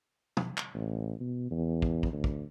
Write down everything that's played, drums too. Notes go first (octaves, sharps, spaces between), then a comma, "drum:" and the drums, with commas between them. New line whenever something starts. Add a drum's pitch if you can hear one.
drum: tom
drum: clap
A1
B2
E2
drum: kick
drum: kick
D2
drum: kick